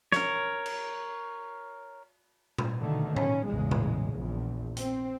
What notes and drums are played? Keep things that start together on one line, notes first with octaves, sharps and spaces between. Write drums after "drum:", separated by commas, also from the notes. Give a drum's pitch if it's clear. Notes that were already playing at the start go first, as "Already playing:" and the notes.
A#4 C#5, drum: snare
drum: cymbal
drum: tom A#2
B2 D3 D#3 A3
C#4, drum: tom A2
A1 E2 C#3 G#3
drum: tom A#2
A#1 E2
C4, drum: hi-hat